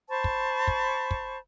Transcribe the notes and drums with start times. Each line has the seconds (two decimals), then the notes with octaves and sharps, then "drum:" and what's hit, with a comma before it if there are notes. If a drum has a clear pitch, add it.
0.10 C5 A5 B5 C#6
0.24 drum: kick
0.67 drum: kick
1.11 drum: kick